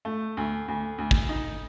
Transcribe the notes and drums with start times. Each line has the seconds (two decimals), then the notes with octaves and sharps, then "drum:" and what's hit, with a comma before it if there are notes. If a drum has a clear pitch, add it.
0.05 A3
0.37 D2
0.68 D2
0.98 D2
1.11 drum: kick
1.29 D#4